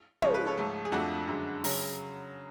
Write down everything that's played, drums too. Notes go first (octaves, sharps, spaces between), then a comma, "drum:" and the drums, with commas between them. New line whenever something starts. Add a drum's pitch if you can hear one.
C#2 C#3 F3 G#3 C#5, drum: tom
B4
A4 C#5
G#2 F3 A3
G#4
F2 F3 A3 D4 F#4
F#2 D3 G#3
C#3 F#3, drum: open hi-hat